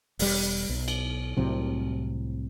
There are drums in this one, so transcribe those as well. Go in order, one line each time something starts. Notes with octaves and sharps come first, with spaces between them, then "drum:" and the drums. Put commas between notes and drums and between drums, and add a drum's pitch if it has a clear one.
E1 G3, drum: open hi-hat
B1
drum: cymbal
C2 A2 C3 F#3